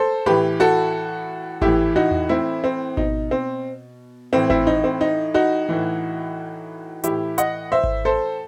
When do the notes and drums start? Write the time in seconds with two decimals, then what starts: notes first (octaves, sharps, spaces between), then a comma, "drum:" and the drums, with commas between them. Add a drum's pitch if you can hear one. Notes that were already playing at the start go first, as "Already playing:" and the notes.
Already playing: A4 C5
0.26 A2 E3 G4 B4
0.60 F#4 A4
1.61 A2 E3 E4 G4, drum: kick G#1
1.96 D#4 F#4
2.11 drum: tom
2.29 C4 E4, drum: tom A3
2.64 C4
2.97 B2 D#4, drum: kick G#1
3.31 C4
4.33 A2 E3 C4
4.50 C4 E4, drum: kick G#1
4.67 D#4
4.84 C4
5.01 D#4
5.34 D#4 F#4
5.69 A2 E3
7.04 A2 E3 E4 G4, drum: hi-hat
7.38 D#5 F#5, drum: hi-hat
7.72 C5 E5
7.84 drum: kick G#1
8.05 A4 C5